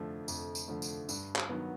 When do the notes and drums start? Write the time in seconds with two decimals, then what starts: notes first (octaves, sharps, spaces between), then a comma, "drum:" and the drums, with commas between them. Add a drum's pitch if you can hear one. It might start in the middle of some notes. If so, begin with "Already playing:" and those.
Already playing: F2 D3 F3 A3
0.28 F2, drum: tambourine
0.55 drum: tambourine
0.68 D3 F3 A3
0.82 drum: tambourine
1.09 G2, drum: tambourine
1.36 drum: clap
1.50 D#3 F#3 B3